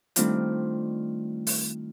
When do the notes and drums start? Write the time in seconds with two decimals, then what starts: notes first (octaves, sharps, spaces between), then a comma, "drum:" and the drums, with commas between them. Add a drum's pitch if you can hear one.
0.16 D#3 G3 A3 C4 D4 F4, drum: hi-hat
1.47 drum: open hi-hat